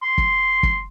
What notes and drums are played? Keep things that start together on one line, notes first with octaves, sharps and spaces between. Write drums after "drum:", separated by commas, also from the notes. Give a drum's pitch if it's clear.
C6
drum: kick F#1
drum: kick F#1